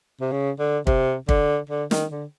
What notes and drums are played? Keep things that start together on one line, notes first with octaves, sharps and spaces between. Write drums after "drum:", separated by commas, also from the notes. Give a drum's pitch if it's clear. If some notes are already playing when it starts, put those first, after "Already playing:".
C3
C#3
D3
C3, drum: kick
D3, drum: kick
D3
D#3, drum: snare
D3